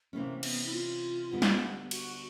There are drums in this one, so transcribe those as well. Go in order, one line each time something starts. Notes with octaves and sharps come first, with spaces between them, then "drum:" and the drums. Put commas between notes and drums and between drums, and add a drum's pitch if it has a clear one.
C3 E3 A3 A#3 C#4
B3, drum: cymbal
E4
F4
D2 D3 G3 B3
drum: snare
F#4, drum: cymbal